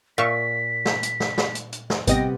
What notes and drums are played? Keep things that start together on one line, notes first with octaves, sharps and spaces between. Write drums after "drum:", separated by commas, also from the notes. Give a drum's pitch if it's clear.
A#2 E5 F5 C#6 B6
drum: snare
drum: hi-hat
drum: snare
drum: snare
drum: hi-hat
drum: hi-hat
drum: snare
A1 C3 G3 B3 D#5 G5 A#6, drum: hi-hat